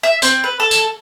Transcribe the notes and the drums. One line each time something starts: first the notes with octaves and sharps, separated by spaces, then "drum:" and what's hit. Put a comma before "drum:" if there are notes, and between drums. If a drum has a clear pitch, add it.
E5
C4, drum: tambourine
B4
A4
drum: tambourine